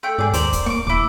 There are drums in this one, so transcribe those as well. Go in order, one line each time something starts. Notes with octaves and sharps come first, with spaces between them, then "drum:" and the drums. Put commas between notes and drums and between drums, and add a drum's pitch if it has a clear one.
A3 G5
G#2 G#4 D5
D#2 A#4 C5 D5, drum: hi-hat
drum: kick, hi-hat
A#3 C#6 D6
D#1 E4 D6